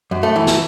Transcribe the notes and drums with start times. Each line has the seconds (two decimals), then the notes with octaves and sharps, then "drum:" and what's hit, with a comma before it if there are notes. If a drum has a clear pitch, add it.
0.11 F#2
0.23 A3
0.36 E3
0.47 drum: snare